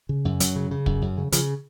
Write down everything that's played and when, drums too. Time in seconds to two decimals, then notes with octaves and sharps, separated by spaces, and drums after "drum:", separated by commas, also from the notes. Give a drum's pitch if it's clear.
0.09 C#3
0.25 F#2
0.40 F#2 F#3, drum: hi-hat
0.56 C#3
0.71 C#3
0.86 F#2, drum: kick
1.02 F#2
1.17 C#3
1.32 C#3 F3, drum: hi-hat